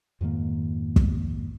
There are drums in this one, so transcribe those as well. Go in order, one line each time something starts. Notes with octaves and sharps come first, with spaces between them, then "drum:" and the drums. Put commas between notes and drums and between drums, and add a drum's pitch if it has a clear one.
F2 G#2 D#3 A#3
drum: kick